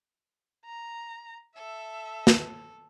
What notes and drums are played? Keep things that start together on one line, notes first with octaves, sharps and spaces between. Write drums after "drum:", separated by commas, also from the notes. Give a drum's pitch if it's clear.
A#5
A4 E5
drum: snare